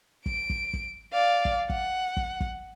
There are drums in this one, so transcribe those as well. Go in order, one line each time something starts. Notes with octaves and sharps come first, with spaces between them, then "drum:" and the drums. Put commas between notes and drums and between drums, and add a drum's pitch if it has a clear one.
D7, drum: kick
drum: kick
drum: kick
D5 F5
drum: kick
F#5, drum: kick
drum: kick
drum: kick